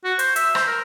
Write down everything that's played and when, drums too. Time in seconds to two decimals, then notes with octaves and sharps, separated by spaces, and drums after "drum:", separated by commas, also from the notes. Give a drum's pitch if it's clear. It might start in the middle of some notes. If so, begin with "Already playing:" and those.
0.05 F#4
0.19 C5, drum: hi-hat
0.36 E5, drum: hi-hat
0.55 C5, drum: rim click
0.67 A#4